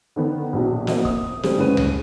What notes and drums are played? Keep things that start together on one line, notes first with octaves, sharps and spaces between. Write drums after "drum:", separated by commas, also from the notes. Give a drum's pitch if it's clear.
D3 D#3 B3
A#1 B2 F#3
A#3 C4 F#4 D#5 E5, drum: snare
D#6, drum: kick
C#3 G3 A3 C4, drum: snare
F#1 D2 G#3 C#4 B4 D#7
drum: tom C#2